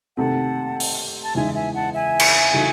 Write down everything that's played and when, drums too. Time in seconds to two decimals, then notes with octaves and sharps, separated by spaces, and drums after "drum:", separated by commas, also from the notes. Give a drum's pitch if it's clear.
0.17 C3 D#3 A3 C4 F#5 A5
0.80 drum: open hi-hat
1.23 A5
1.35 E2 C#3 G#3 D#4 E5 G#5
1.55 E5 G#5
1.74 F#5 A5
1.93 E5 G#5
2.20 drum: cymbal
2.53 C#3 E3 A3 D#4 F#4